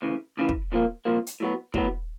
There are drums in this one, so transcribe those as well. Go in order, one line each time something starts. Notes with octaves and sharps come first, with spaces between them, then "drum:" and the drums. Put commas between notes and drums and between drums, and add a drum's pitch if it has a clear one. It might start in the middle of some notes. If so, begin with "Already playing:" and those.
D2 C#3 E3
D2 C#3 E3
drum: kick
C2 A#2 F3 A#3
C2 A#2 F3 A#3
drum: hi-hat
A2 F#3 B3
A2 F#3 B3, drum: kick